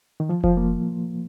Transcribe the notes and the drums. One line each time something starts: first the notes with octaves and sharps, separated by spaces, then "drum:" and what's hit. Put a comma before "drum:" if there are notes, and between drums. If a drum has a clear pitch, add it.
D#3
F3
F3, drum: kick F1
A#3